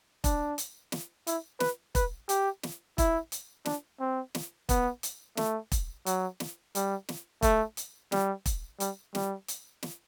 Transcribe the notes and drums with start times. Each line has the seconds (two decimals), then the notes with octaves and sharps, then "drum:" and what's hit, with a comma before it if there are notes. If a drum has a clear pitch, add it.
0.24 D4, drum: kick E1, hi-hat
0.58 drum: hi-hat
0.92 drum: snare
1.27 E4, drum: hi-hat
1.60 B4, drum: snare
1.95 B4, drum: kick E1, hi-hat
2.29 G4, drum: hi-hat
2.63 drum: snare
2.98 E4, drum: kick E1, hi-hat
3.32 drum: hi-hat
3.65 D4, drum: snare
4.00 C4
4.35 drum: snare
4.69 B3, drum: kick E1, hi-hat
5.03 drum: hi-hat
5.37 A3, drum: snare
5.72 drum: kick E1, hi-hat
6.06 F#3, drum: hi-hat
6.40 drum: snare
6.75 G3, drum: hi-hat
7.09 drum: snare
7.42 A3, drum: kick E1, hi-hat
7.77 drum: hi-hat
8.12 G3, drum: snare
8.46 drum: kick E1, hi-hat
8.80 G3, drum: hi-hat
9.15 G3, drum: snare
9.48 drum: hi-hat
9.83 drum: snare